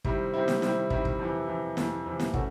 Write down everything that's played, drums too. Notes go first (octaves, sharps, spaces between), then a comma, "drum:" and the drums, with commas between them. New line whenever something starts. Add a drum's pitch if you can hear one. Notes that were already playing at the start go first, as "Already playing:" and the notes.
C3 D#3 G3 C4 E4, drum: kick
C3 D#3 G3 C4 E4
drum: snare
C3 D#3 G3 C4 E4, drum: snare
C3 D#3 G3 C4 E4, drum: kick
drum: kick
F2 C3 E3
F2 C3 E3
F2 C3 E3, drum: snare
F2 C3 E3
drum: snare
A3 C#4 F#4, drum: kick